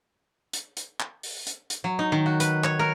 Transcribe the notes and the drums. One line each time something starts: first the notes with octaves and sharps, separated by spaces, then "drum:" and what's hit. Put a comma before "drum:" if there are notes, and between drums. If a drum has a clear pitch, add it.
drum: hi-hat
drum: hi-hat
drum: clap
drum: open hi-hat
drum: hi-hat
drum: hi-hat
F#3
D#4
D#3
F#4
B4, drum: hi-hat
C#5, drum: clap
A#4